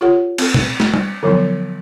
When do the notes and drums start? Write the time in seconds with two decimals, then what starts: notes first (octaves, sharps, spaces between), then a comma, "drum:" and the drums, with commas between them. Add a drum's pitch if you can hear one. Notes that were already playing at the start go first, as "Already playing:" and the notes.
0.01 F4 G4 A4 C#5 F#5
0.38 C4 A4, drum: cymbal
0.54 drum: tom A#2
0.80 drum: snare
0.94 drum: tom
1.23 D3 F3 F#3 B3 E4